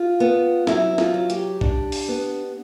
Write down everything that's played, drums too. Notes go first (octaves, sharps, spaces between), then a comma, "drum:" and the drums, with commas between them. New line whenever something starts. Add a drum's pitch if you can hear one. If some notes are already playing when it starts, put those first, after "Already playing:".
Already playing: F4
B3
F#3 E4, drum: snare
F4, drum: snare
F#3
G4, drum: hi-hat
D4, drum: kick B1
drum: open hi-hat
B3